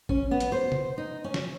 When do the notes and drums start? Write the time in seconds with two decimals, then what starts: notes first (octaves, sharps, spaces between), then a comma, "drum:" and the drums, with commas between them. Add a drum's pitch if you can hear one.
0.09 C#4, drum: kick
0.31 B3
0.40 drum: hi-hat
0.52 C5
0.72 drum: tom C3
0.98 D#4
1.24 C#4
1.34 drum: snare